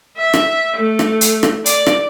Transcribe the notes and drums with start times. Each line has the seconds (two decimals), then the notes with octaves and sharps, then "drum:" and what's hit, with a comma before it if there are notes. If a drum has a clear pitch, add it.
0.18 E5
0.34 drum: rim click
0.77 A3
0.99 drum: rim click
1.21 drum: hi-hat
1.43 drum: rim click
1.66 D5, drum: hi-hat
1.86 drum: rim click